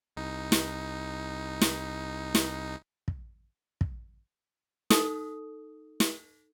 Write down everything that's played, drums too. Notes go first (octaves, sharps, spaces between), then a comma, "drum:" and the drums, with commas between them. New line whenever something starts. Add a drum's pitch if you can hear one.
C2 D#4
drum: snare
drum: snare
drum: snare
drum: kick
drum: kick
D#4 A4 D#6, drum: snare
drum: snare